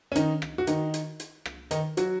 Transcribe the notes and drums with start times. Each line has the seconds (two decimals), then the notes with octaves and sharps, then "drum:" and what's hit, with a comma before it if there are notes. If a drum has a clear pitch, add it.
0.12 C#4
0.15 D#3 D#4, drum: hi-hat
0.42 drum: rim click
0.58 F#4
0.67 D#3 D#4, drum: hi-hat
0.94 drum: hi-hat
1.20 drum: hi-hat
1.45 drum: rim click
1.71 D#3 D#4, drum: hi-hat
1.97 F#3 F#4, drum: hi-hat